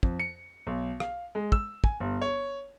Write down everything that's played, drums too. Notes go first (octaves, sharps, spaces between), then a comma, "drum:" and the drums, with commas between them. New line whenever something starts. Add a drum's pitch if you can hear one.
F2, drum: kick
C#7
B1
F5, drum: rim click
G#3
E6, drum: kick
G#5, drum: kick
G1
C#5